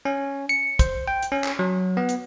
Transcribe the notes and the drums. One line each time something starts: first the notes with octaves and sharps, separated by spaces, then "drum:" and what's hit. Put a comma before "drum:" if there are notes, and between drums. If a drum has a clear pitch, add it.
C#4
C#7
C5, drum: kick, hi-hat
G5
drum: hi-hat
C#4
drum: clap
F#3
B3
drum: hi-hat